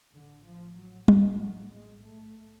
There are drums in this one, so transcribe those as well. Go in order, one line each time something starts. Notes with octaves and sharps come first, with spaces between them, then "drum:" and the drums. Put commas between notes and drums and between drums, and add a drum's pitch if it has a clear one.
A1 A2 D3
F3
F#3
G#3, drum: tom
F#3
G#3
B1 A2 A3